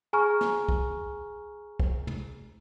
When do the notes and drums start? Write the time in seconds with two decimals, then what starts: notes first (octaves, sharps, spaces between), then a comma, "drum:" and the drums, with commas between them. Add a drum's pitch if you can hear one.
0.13 G#4 G#5 A#5 C#6 F6
0.41 drum: snare
0.69 drum: kick
1.80 drum: kick
2.07 drum: tom